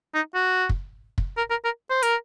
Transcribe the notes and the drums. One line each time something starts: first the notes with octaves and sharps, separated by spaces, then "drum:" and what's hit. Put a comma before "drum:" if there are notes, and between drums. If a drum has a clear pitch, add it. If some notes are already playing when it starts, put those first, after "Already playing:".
D#4
F#4
drum: kick
drum: kick
A#4
A#4
A#4
C5
A#4, drum: hi-hat